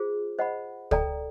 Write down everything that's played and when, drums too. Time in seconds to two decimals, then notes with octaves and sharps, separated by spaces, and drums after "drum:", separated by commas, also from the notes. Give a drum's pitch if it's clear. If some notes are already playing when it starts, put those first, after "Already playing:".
Already playing: F4 G#4 C5
0.39 C5 D#5 F#5 B5
0.91 A4 D5 G5 A#5, drum: kick